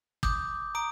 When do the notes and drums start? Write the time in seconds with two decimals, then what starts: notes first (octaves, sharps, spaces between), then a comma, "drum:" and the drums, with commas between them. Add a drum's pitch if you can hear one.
0.23 D6 D#6 G6, drum: kick
0.75 A#5 D#6 D7